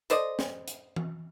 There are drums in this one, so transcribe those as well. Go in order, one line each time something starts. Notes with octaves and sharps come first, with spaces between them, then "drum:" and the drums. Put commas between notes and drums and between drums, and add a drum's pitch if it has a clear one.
A4 C5 D5 D#5, drum: hi-hat
drum: snare
drum: hi-hat
drum: tom E3